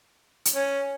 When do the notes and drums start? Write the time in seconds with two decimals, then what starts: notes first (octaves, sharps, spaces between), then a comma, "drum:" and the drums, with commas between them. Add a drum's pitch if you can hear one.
0.45 drum: hi-hat
0.55 C#4